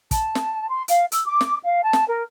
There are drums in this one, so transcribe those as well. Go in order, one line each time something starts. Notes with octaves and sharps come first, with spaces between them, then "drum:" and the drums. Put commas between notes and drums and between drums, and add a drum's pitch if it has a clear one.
A5, drum: kick, hi-hat
drum: snare
C6
F5, drum: hi-hat
E6, drum: hi-hat
D6
drum: snare
F5
A5
drum: snare
A#4